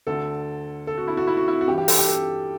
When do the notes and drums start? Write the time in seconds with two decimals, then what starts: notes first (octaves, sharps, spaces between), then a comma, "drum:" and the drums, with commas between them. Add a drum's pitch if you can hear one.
0.07 D2 D3 A4
0.87 A4
0.98 F#4
1.08 E4
1.17 F#4
1.27 E4
1.37 F#4
1.48 E4
1.61 F#4
1.68 G2 E3 G4
1.78 G4
1.88 A4, drum: open hi-hat
1.98 G4
2.08 A4